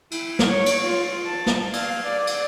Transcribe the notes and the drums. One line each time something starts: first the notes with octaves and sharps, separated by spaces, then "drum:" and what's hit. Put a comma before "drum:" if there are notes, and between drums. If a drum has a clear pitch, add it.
E4, drum: cymbal
drum: snare
C#5
drum: cymbal
F4
A5
drum: snare
F5, drum: cymbal
D5
drum: cymbal